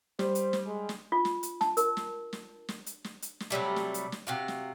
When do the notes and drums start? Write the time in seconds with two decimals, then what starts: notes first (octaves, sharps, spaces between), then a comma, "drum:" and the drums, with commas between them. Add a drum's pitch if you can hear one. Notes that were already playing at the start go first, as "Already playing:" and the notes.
0.19 G3 C5, drum: snare
0.35 drum: hi-hat
0.53 drum: snare
0.66 G#3
0.89 drum: snare
1.12 F4
1.25 drum: snare
1.43 drum: hi-hat
1.61 A5, drum: snare
1.77 A#4, drum: hi-hat
1.97 drum: snare
2.33 drum: snare
2.69 drum: snare
2.86 drum: hi-hat
3.04 drum: snare
3.22 drum: hi-hat
3.40 drum: snare
3.50 C3 F#3 G3 A3
3.76 drum: snare
3.94 drum: hi-hat
4.12 drum: snare
4.27 C3 F#4 F5
4.48 drum: snare